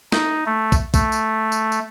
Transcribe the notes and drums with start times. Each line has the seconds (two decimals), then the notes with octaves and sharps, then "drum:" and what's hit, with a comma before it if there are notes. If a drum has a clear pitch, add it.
0.12 D#4, drum: snare
0.46 A3
0.72 drum: kick, tambourine
0.94 A3, drum: kick, tambourine
1.12 drum: tambourine
1.52 drum: tambourine
1.72 drum: tambourine